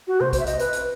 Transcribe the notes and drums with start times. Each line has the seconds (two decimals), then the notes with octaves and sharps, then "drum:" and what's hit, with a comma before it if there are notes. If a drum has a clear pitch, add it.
0.07 F#4
0.20 C5, drum: tom C3
0.33 C5, drum: kick, hi-hat
0.40 E5
0.46 D#5, drum: hi-hat
0.59 B4, drum: hi-hat
0.73 drum: hi-hat